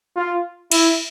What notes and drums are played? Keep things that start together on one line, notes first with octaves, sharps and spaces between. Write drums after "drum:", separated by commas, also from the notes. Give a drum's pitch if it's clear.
F4
E4, drum: cymbal